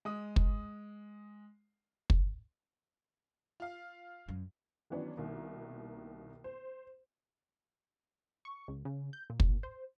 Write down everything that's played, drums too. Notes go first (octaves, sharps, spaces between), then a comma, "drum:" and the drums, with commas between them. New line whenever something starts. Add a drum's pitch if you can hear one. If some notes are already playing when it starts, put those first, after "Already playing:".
G#3 D#6
drum: kick
drum: kick
F4 F5
F#2
D#3 E3 F#3 B3 C#4 D4
C2 B2 D#3 A#3
C5
C#6
C#2
C#3
G6
A#2
drum: kick
C5